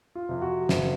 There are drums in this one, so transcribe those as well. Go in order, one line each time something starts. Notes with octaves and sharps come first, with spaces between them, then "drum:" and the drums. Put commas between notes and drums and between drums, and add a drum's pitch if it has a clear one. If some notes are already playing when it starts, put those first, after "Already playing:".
F4
F2 C3
F#4
F#1, drum: snare